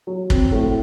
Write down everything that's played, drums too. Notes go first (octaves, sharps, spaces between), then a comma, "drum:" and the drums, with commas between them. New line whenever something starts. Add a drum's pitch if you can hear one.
F#3
C4, drum: kick
A2